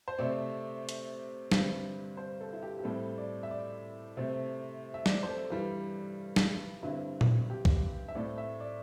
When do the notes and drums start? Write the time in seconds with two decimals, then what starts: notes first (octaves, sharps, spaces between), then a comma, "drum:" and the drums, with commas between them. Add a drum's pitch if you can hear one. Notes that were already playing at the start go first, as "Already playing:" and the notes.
0.08 C5
0.19 C3 A3 C4 D5
0.89 drum: hi-hat
1.52 G2 D3 G3 C4, drum: snare
2.17 C5
2.41 A4
2.53 E4
2.63 G4
2.79 G4
2.84 A2 G3 C4 A4
3.18 D5
3.43 E5
3.51 D5
4.17 C3 A3 C4
4.94 E5
5.06 D5, drum: snare
5.23 C5
5.28 A4
5.50 G2 E3 G3
6.36 drum: snare
6.83 G2 D3 C4 E4
7.21 drum: tom A#2
7.50 G4
7.65 drum: kick
8.08 E5
8.15 A2 A3 C4 D5
8.38 E5
8.60 D5